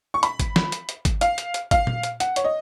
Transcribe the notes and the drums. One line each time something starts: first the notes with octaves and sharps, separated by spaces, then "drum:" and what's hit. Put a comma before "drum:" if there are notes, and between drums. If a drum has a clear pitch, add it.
C#6
B5, drum: hi-hat
drum: kick G#1, hi-hat
drum: snare
drum: hi-hat
drum: hi-hat
drum: kick G#1, hi-hat
F5, drum: hi-hat
drum: hi-hat
drum: hi-hat
F5, drum: kick G#1, hi-hat
drum: tom A#2
drum: hi-hat
F#5, drum: hi-hat
C#5, drum: hi-hat
D#5